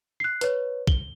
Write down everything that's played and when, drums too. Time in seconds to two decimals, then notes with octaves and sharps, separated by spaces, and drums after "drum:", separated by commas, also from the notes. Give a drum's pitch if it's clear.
0.20 F#6 C7
0.41 B4 C#5, drum: hi-hat
0.87 G7, drum: kick